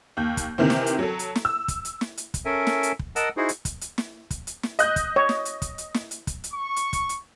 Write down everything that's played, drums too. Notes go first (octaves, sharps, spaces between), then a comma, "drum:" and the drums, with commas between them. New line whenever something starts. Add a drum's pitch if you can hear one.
D#2 G6
drum: kick, hi-hat
C3 D#3 E3 C4
drum: snare
drum: hi-hat
F#3 A4
drum: hi-hat
drum: snare
E6
drum: kick, hi-hat
drum: hi-hat
drum: snare
drum: hi-hat
drum: kick, hi-hat
C#4 A4 A#4 E5 G#5
drum: snare
drum: hi-hat
drum: kick
A#4 D#5 F#5 A5 E6, drum: hi-hat
D#4 E4 F#4 G#4 C5
drum: hi-hat
drum: kick, hi-hat
drum: hi-hat
drum: snare
drum: kick, hi-hat
drum: hi-hat
drum: snare
D#5 F#6 G6, drum: hi-hat
drum: kick, hi-hat
C#5
drum: snare
drum: hi-hat
drum: kick, hi-hat
drum: hi-hat
drum: snare
drum: hi-hat
drum: kick, hi-hat
drum: hi-hat
C#6
drum: hi-hat
drum: kick, hi-hat
drum: hi-hat